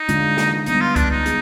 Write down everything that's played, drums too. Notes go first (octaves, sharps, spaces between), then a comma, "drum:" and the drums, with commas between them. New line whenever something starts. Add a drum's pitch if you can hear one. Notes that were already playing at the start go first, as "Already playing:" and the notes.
Already playing: D#4
D3 G#3 D4 F4, drum: hi-hat
drum: snare
G3 B3 D4 D#4, drum: hi-hat
F4
D4, drum: kick C#2, hi-hat
D#4
B3 F4 G#4, drum: hi-hat